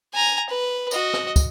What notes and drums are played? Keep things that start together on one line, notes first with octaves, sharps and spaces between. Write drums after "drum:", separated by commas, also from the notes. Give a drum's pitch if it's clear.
G#5 A#5
B4
F#4 D#5, drum: tambourine
drum: rim click
drum: kick, tambourine